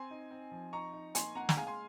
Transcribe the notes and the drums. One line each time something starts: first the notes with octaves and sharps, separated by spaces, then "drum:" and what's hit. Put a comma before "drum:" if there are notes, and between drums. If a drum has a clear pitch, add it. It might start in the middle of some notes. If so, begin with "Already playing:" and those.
Already playing: C4 G#5 C6
D#4
C4
F3
D#4 A#5 C#6
D#4
A#3 G#5 C6, drum: hi-hat
A#3 F#5 A#5
A#5, drum: snare
G#3 F5 G#5
G#5 C6